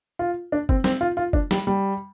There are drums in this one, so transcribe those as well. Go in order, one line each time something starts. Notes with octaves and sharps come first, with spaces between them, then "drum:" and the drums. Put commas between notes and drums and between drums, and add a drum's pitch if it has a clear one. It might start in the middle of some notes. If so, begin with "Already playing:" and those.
F4
D4
C4, drum: kick F#1
C4, drum: snare
F4
F4
D4, drum: kick F#1
G3, drum: snare
G3